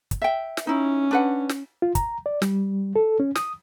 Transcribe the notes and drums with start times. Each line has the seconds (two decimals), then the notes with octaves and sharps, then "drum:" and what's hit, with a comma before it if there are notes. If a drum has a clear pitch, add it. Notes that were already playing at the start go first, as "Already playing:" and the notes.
0.11 drum: kick, hi-hat
0.22 E5 G5
0.57 drum: snare
0.67 C#4 D#4 E4
1.11 D4 B4 F#5
1.49 drum: snare
1.82 F4
1.95 A#5, drum: kick, hi-hat
2.26 D5
2.42 G3, drum: snare
2.96 A4
3.20 C#4
3.36 D#6, drum: snare